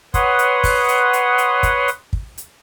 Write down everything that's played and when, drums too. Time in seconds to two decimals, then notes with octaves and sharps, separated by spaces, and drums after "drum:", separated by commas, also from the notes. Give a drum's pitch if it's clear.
0.14 B4 C#5 F#5 C6 D#6, drum: kick, hi-hat
0.39 drum: hi-hat
0.64 drum: kick, open hi-hat
0.88 drum: hi-hat
1.13 drum: hi-hat
1.38 drum: hi-hat
1.63 drum: kick, hi-hat
1.88 drum: hi-hat
2.13 drum: kick
2.38 drum: hi-hat